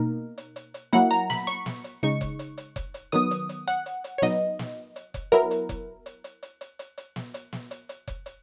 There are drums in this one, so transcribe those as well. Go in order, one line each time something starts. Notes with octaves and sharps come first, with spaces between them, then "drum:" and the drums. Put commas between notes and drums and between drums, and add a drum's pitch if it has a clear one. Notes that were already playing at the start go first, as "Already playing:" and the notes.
Already playing: B2 A#3 D#4 A#4
drum: hi-hat
drum: hi-hat
drum: hi-hat
F#3 A#3 E4 F#5, drum: hi-hat
A#5, drum: hi-hat
B5, drum: snare
C#6, drum: hi-hat
drum: snare
drum: hi-hat
C#3 G#3 D#4 C#6, drum: hi-hat
drum: kick F1, hi-hat
drum: hi-hat
drum: hi-hat
drum: kick F1, hi-hat
drum: hi-hat
D#3 F#3 B3 D#6, drum: hi-hat
drum: hi-hat
drum: hi-hat
F#5, drum: hi-hat
drum: hi-hat
drum: hi-hat
C#5
F#3 B3 D#4 D#5, drum: snare
drum: snare
drum: hi-hat
drum: kick F1, hi-hat
F#3 B3 E4 A#4, drum: hi-hat
drum: hi-hat
drum: kick F1, hi-hat
drum: hi-hat
drum: hi-hat
drum: hi-hat
drum: hi-hat
drum: hi-hat
drum: hi-hat
drum: snare
drum: hi-hat
drum: snare
drum: hi-hat
drum: hi-hat
drum: kick F1, hi-hat
drum: hi-hat